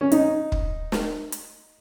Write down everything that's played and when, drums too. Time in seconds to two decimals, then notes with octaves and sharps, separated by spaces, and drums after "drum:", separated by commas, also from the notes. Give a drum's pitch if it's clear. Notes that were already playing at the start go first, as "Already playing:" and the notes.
0.01 C#4
0.12 D#4, drum: hi-hat
0.52 drum: kick
0.92 drum: snare
1.32 drum: hi-hat